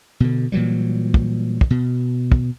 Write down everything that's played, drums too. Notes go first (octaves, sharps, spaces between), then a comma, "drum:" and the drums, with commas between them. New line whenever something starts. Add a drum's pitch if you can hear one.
B2 D3
A#2 E3 F#3 G3
drum: kick
drum: kick
B2
drum: kick